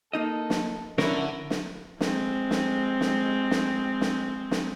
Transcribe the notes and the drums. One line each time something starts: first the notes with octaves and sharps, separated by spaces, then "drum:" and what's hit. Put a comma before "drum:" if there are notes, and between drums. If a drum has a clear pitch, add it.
A#3 D#4 A4 D#5
drum: snare
D3 C#4 E4 A#4 C#5, drum: snare
drum: snare
G#3 C4, drum: snare
drum: snare
drum: snare
drum: snare
drum: snare
drum: snare